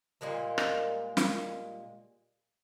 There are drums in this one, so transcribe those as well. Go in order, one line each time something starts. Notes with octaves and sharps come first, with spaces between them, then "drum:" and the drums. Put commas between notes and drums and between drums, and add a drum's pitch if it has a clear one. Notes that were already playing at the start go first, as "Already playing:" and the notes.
A#2 G3 G#3 A#3
drum: rim click
drum: snare